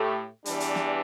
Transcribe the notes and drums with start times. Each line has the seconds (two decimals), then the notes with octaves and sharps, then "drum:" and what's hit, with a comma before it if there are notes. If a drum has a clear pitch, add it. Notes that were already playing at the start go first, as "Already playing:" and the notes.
Already playing: A2 A3 G4
0.45 E2 E3 G3 D4, drum: hi-hat
0.60 drum: hi-hat
0.75 drum: snare